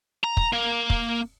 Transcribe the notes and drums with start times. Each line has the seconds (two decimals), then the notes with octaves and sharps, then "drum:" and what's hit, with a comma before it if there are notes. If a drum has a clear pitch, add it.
0.24 A#5
0.37 drum: kick
0.53 A#3
0.90 drum: kick